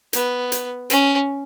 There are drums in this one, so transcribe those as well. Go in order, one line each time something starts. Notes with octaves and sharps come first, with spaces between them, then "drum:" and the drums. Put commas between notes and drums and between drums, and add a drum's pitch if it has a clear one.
B3, drum: hi-hat
drum: hi-hat
C#4, drum: hi-hat